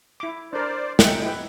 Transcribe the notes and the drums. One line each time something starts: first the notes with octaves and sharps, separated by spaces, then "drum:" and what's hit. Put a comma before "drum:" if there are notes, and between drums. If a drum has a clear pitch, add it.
E4 D6
D4 A#4 C5 D5
G#3 D#4 E5 F#5 G5, drum: snare
E4 B4